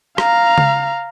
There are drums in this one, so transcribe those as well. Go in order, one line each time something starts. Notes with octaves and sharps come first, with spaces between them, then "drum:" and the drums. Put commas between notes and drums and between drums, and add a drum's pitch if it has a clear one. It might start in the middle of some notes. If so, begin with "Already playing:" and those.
F5 A#5, drum: rim click
drum: tom C#3